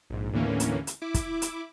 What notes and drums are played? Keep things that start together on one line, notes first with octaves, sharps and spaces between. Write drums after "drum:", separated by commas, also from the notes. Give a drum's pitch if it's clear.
A#1 G#2
D#2 A2 D3 E3 A#3 C#4
drum: hi-hat
drum: hi-hat
E4 D6
drum: kick, hi-hat
drum: hi-hat